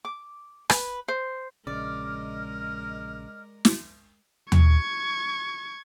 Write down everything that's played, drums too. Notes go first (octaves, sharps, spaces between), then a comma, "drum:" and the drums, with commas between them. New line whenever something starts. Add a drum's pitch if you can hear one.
D6
B4, drum: rim click
C5
A#1 C#3 G#3 A#4 D5 D#5 F6
drum: snare
C#6 G#6, drum: tom D#2